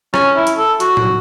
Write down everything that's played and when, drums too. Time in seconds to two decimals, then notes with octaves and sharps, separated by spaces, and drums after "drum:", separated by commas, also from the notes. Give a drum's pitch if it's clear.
0.14 C#4, drum: rim click
0.36 E4
0.47 drum: hi-hat
0.58 A4
0.80 F#4, drum: hi-hat
0.97 drum: tom